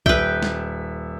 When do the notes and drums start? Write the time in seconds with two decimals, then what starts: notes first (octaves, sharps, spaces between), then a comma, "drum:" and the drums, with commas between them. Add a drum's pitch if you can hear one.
0.06 D#1 B4 E5 G5, drum: kick B1
0.43 drum: snare